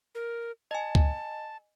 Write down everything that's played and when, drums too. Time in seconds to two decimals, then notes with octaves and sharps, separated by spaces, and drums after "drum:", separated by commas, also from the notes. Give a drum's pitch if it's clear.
0.15 A#4
0.71 D#5 G#5 A5
0.95 drum: kick C#2